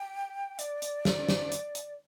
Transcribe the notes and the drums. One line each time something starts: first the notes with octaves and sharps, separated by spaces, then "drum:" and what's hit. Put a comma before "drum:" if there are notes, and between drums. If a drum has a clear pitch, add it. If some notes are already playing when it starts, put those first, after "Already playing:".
Already playing: G5
D5, drum: hi-hat
drum: hi-hat
drum: snare
drum: snare
drum: hi-hat
drum: hi-hat